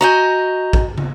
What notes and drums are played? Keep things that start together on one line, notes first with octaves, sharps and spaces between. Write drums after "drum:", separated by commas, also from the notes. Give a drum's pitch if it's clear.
F#4 D#5 G#5 A#5 G6
drum: kick
drum: tom